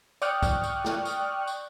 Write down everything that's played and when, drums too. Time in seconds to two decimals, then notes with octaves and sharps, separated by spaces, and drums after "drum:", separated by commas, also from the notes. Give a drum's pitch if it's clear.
0.22 D5 G5 C#6 D#6 F6 F#6, drum: tambourine
0.43 drum: kick, tambourine
0.64 drum: tambourine
0.84 drum: snare
1.05 drum: tambourine
1.47 drum: tambourine